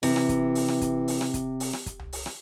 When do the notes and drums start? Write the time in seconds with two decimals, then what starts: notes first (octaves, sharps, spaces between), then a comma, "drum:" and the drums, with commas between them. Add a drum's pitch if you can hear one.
0.03 C3 E3, drum: open hi-hat
0.16 drum: rim click
0.29 drum: kick, hi-hat
0.55 drum: open hi-hat
0.68 drum: rim click
0.81 drum: kick, hi-hat
1.08 drum: open hi-hat
1.21 drum: rim click
1.34 drum: kick, hi-hat
1.60 drum: open hi-hat
1.73 drum: rim click
1.86 drum: kick, hi-hat
1.99 drum: tom C2
2.13 drum: open hi-hat
2.26 drum: rim click